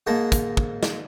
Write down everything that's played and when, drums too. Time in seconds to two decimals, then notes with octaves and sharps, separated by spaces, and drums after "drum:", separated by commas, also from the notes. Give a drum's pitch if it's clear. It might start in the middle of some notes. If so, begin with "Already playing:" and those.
0.07 G#2 G#3 A#3 A5
0.32 drum: kick, hi-hat
0.57 drum: kick
0.83 drum: snare